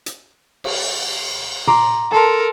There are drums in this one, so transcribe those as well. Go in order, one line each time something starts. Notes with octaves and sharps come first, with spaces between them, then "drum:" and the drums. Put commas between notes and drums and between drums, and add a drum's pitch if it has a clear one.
drum: hi-hat
drum: cymbal
A#5 C6 D6, drum: tom A#2
A4 A#4 A5 C6